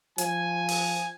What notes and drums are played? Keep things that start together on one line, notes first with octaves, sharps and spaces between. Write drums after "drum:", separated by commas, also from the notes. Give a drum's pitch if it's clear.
F3 G#5, drum: hi-hat
drum: open hi-hat